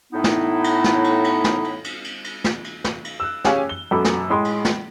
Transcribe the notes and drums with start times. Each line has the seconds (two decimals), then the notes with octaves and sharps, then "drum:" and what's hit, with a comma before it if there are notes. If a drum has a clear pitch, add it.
0.13 A2 B3 D#4 E4
0.24 drum: snare
0.64 drum: cymbal
0.84 drum: snare
1.04 drum: cymbal
1.24 drum: cymbal
1.44 drum: snare
1.64 drum: cymbal
1.84 drum: cymbal
2.04 drum: cymbal
2.24 drum: cymbal
2.44 drum: snare
2.64 drum: cymbal
2.84 drum: snare
3.04 drum: cymbal
3.20 E6 F#6
3.44 C#4 G4 G#4 C#5 F5 G#5, drum: snare
3.69 G7
3.91 F#2 B2 A4 B5 D6
4.05 drum: snare
4.30 A2 G#3 B5 C6 D#6
4.45 drum: cymbal
4.65 drum: snare